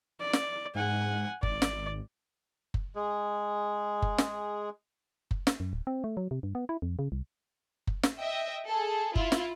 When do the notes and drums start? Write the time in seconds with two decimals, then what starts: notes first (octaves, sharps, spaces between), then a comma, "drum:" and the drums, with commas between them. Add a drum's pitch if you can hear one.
0.21 D5
0.33 drum: snare
0.75 G#2 F#5 G#5
1.43 G#1 D5, drum: kick F#1
1.62 drum: snare
2.74 drum: kick F#1
2.95 G#3 G#4
4.02 drum: kick F#1
4.18 drum: snare
5.31 drum: kick F#1
5.47 drum: snare
5.60 F#2
5.73 D1
5.87 C4
6.04 A3
6.17 F#3
6.31 C3
6.43 G2
6.55 B3
6.69 E4
6.82 F2
6.99 C#3
7.12 C2
7.87 drum: kick F#1
8.03 drum: snare
8.17 D#5 E5 G5
8.68 G#4 A4
9.15 E4 F4, drum: kick F#1
9.32 drum: snare